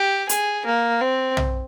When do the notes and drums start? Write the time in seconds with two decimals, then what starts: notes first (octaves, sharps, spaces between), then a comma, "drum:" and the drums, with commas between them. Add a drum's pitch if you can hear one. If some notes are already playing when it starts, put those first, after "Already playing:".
Already playing: G4
0.29 G#4, drum: hi-hat
0.66 A#3
1.01 C4
1.37 drum: tom B1